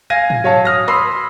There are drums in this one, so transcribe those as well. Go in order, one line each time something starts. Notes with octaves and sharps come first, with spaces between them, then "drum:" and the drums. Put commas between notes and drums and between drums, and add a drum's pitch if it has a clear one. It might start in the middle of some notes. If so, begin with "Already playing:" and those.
F5 G#5 G#6 A#6 D#7
drum: tom
F#3 C#5 F5 A5
D#6 F6 A#6
B5 C6 D#6 E6 C7, drum: rim click